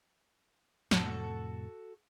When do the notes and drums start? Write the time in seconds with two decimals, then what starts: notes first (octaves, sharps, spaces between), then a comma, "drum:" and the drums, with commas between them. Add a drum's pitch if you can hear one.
0.91 F2 A2 C3 F#4 A4, drum: snare